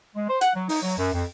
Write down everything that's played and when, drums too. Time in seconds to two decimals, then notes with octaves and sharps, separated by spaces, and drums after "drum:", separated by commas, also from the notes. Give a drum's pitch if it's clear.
0.16 G#3
0.29 C5
0.41 F#5, drum: hi-hat
0.55 F#3
0.69 D#4, drum: open hi-hat
0.82 F#3
0.98 F#2
1.13 F2